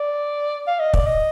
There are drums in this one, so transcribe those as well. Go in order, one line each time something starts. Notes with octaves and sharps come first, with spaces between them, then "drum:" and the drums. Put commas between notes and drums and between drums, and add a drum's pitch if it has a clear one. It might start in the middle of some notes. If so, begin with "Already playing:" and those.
Already playing: D5
F5
D#5
D5, drum: kick
D#5